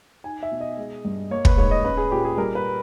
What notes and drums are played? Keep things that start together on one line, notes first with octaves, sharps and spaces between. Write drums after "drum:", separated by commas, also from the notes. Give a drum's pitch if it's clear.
D#4 G#5
E5
B2
D#5
G#3
G2
A#3 C#5
B4, drum: kick
G#2 C#5
D#5
C#4 B4
G#4
A#2 G4
G#4
G3 A#4
B4